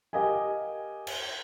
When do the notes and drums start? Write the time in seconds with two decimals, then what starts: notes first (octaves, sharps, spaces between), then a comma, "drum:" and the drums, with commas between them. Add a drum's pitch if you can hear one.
0.13 G4 A#4 D#5 F5 G#5
1.07 drum: cymbal